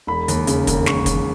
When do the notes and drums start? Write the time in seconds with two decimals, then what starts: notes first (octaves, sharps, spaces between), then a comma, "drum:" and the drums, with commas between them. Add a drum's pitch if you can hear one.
0.07 E1 B5
0.28 D#2, drum: hi-hat
0.47 C#3, drum: hi-hat
0.67 E1, drum: kick, hi-hat
0.86 E1 C#6, drum: snare
1.06 D#2, drum: kick, hi-hat